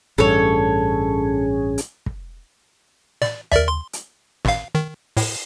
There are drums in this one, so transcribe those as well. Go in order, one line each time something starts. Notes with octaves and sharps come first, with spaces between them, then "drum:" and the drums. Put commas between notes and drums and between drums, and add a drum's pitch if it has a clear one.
A1 G2 C#4 G#4 A4 C#5
drum: hi-hat
drum: kick
D5, drum: snare
A#4 D5 E5, drum: tom D#2
C6
drum: hi-hat
G#1 F5, drum: snare
D#3
A2, drum: open hi-hat